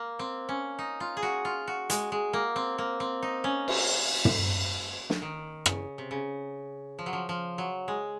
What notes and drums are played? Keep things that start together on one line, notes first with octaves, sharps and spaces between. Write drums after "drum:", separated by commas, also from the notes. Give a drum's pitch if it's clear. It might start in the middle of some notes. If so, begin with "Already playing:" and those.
Already playing: A#3
C4
C#4
D#4
F4
G#4
F#4
F4
F#4
G#3, drum: hi-hat
G#3
A#3
C4
A#3
C4
D#4
C#4
drum: cymbal
drum: tom
drum: snare
D#3
C#3, drum: rim click
C3
C#3
F3
F#3
F3
F3
F#3
G#3